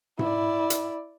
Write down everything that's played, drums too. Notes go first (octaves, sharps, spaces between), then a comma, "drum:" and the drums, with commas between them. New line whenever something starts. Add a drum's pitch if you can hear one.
E4 D5, drum: tom G#2
drum: hi-hat